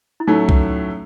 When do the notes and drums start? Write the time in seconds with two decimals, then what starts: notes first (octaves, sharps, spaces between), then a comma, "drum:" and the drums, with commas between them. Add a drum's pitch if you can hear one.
0.20 E4
0.27 A2 F#3 A3 C#4 D#4
0.49 drum: kick C2